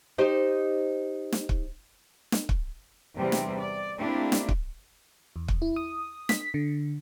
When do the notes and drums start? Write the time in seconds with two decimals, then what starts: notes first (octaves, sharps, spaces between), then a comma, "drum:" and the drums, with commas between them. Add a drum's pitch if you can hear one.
0.18 D#4 G4 C5
1.32 drum: snare
1.49 drum: kick
2.32 drum: snare
2.49 drum: kick
3.17 E2 C3 G3 C4
3.32 drum: snare
3.57 D5
3.99 A3 A#3 C4 D4 E4 G4
4.32 drum: snare
4.49 drum: kick
5.36 E2
5.48 drum: kick
5.62 E4
5.76 D#6
6.29 B6, drum: snare
6.54 D3